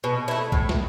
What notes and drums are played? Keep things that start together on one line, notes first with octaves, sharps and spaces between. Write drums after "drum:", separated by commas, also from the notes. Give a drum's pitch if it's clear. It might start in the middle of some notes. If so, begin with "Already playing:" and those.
B2
A3 E4
A2, drum: kick C2
drum: snare